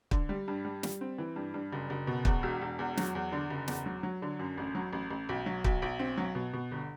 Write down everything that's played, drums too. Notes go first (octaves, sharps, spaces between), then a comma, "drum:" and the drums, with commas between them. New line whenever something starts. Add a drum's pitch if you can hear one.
D3, drum: kick
G3
G2
G3
G3, drum: snare
C4
E3
G2
G2
F#1
F#1
B2
E2, drum: kick
E1
E1
E2
F#3, drum: snare
E2
D3
F#1
E2, drum: snare
F#3
F#3
D3
F#2
A1
F#3
A1
A1
B1
F#3
B1, drum: kick
B1
C4
F#3
B2
B2
G1